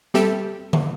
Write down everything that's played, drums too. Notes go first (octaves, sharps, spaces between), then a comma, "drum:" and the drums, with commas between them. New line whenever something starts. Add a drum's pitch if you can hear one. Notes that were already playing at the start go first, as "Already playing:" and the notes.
G3 C4 G4 A4 E5, drum: snare
drum: tom D3